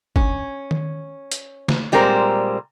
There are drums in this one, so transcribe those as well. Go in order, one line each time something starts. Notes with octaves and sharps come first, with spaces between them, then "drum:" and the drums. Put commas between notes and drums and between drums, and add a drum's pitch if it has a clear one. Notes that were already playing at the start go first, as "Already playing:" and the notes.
C#4, drum: kick G#1
drum: tom D#3
drum: hi-hat
drum: snare
A#2 G3 G#3 C4 A#4 C5